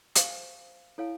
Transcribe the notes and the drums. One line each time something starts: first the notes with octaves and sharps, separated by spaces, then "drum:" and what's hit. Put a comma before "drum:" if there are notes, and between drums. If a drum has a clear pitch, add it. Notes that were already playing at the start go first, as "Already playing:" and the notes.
C5 F5 G#5 C#6, drum: hi-hat
E4 A4 C#5 F5 G#5